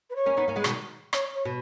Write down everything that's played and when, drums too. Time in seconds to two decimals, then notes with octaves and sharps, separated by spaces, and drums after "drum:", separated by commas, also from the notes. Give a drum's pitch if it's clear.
0.09 B4
0.15 C#5
0.26 A#3 C#4
0.37 B3 D#4
0.48 A#3 C#4
0.56 G#3 B3
0.64 B2 D#3, drum: rim click
1.13 C#5, drum: rim click
1.35 C#5
1.45 B2